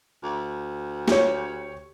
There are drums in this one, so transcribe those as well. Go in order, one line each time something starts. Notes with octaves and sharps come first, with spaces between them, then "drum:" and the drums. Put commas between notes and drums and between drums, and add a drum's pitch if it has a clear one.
D2
G4 C#5, drum: snare